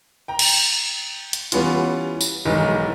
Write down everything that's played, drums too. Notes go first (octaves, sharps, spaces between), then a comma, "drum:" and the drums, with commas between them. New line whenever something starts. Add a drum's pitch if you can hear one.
G5 A#5
drum: cymbal
drum: hi-hat
E3 G3 B3 C#4 F4, drum: hi-hat
drum: tambourine
B1 G#2 D#3 E3 G3